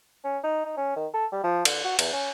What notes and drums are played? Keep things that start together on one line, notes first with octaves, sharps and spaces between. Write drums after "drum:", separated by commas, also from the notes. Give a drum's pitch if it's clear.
C#4
D#4
D#4
C#4
D#3
A4
G3
F3
D3, drum: cymbal
F#4
E2, drum: cymbal
C#4